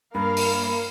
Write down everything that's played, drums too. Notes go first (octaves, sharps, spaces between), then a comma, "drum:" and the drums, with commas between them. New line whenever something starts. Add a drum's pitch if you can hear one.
G2 A#3 A#4 F5 B5
drum: open hi-hat